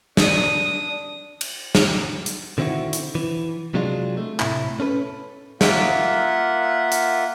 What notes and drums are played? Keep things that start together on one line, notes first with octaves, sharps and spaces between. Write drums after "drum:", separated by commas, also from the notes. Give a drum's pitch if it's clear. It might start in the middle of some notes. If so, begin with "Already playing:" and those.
D4 D#6, drum: snare
drum: cymbal
drum: snare
drum: hi-hat
D3 D#3 C4 E4 F#4
drum: hi-hat
E3
C3 F#3 G#3 D4 F4
A3
A2 C3 E4, drum: clap
C#4 A4 B4
A#3 F4 E5 F#5, drum: snare
drum: hi-hat